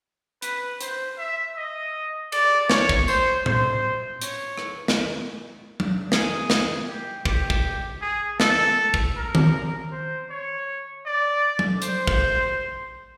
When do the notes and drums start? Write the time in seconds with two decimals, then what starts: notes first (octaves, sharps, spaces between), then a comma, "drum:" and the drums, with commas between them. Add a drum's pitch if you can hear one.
0.42 B4, drum: hi-hat
0.81 C5, drum: hi-hat
1.18 E5
1.56 D#5
2.32 D5, drum: cymbal
2.69 C#5, drum: snare
2.89 drum: kick
3.08 C5, drum: tambourine
3.46 C5, drum: tom A2
4.21 C#5, drum: hi-hat
4.58 drum: rim click
4.88 drum: snare
5.80 drum: tom F#3
6.12 G#4, drum: snare
6.50 drum: snare
6.88 G4
7.25 G4, drum: kick
7.50 drum: kick
8.02 G#4
8.40 A4, drum: snare
8.94 drum: kick
9.16 A#4
9.35 drum: tom D#3
9.91 C5
10.30 C#5
11.05 D5
11.59 drum: tom F#3
11.82 C5, drum: hi-hat
12.08 drum: kick